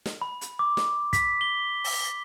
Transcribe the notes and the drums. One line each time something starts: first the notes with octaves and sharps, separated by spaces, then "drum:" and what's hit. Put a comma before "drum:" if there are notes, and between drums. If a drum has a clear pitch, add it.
drum: snare
B5
drum: hi-hat
D6
drum: snare
B6, drum: kick, hi-hat
G7
drum: open hi-hat